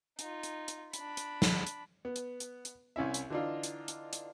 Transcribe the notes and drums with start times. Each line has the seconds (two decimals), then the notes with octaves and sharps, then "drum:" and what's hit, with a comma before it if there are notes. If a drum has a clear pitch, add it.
0.19 D#4 F4, drum: hi-hat
0.43 drum: hi-hat
0.68 drum: hi-hat
0.93 D4 B5, drum: hi-hat
1.17 drum: hi-hat
1.42 drum: snare
1.66 drum: hi-hat
2.05 B3
2.16 drum: hi-hat
2.40 drum: hi-hat
2.65 drum: hi-hat
2.96 C2 C#4 E4 E5
3.14 drum: hi-hat
3.30 D3 E3 D4 D#4 F4
3.63 drum: hi-hat
3.88 drum: hi-hat
4.13 drum: hi-hat